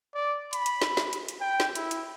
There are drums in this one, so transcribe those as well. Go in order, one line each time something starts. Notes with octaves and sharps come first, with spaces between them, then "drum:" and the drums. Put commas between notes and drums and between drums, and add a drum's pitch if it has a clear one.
D5
B5, drum: hi-hat
drum: hi-hat
drum: snare
drum: snare
drum: hi-hat
drum: hi-hat
G5
drum: snare
E4, drum: hi-hat
drum: hi-hat